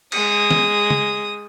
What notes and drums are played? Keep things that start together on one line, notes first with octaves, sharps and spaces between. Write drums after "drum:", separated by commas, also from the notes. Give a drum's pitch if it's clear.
G#3 D#6, drum: cymbal
drum: snare
drum: tom C#3